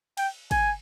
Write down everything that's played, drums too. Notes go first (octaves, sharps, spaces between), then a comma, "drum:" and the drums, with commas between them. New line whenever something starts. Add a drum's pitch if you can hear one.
G5, drum: cymbal
G#5, drum: kick, cymbal